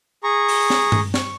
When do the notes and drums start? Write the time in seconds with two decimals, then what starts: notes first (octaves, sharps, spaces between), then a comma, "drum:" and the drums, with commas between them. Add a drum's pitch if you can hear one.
0.24 G#4 A#5 C#6
0.48 drum: open hi-hat
0.70 drum: snare
0.92 drum: tom G2
1.14 C#6, drum: snare